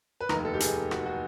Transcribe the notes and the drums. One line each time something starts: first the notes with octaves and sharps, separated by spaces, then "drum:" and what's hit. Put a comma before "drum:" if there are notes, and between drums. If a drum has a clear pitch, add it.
B4
F1 D#2 D#3 A#4, drum: rim click
A4
G4
G#4, drum: hi-hat
F#4, drum: rim click
F#4